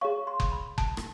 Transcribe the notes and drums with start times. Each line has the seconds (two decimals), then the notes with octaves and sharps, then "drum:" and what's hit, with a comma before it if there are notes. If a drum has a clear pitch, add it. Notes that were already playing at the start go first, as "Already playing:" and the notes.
0.01 G#4 C#5 F5 C#6
0.27 C6
0.40 drum: kick F#1
0.52 B5
0.78 A5, drum: kick F#1
0.97 drum: rim click